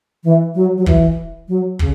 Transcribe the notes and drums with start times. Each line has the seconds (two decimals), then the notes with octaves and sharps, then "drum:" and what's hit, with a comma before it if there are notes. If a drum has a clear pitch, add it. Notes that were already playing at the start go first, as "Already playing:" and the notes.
0.24 E3
0.55 F#3
0.77 F#3
0.86 E3, drum: kick
1.48 F#3
1.79 C#3, drum: kick